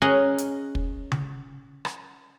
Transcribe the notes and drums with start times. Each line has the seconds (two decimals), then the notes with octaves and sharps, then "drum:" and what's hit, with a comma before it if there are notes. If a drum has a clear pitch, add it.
0.02 C#4 G#4 A#4 D#5 F#5
0.38 drum: hi-hat
0.75 drum: kick
1.12 drum: tom C#3
1.85 drum: rim click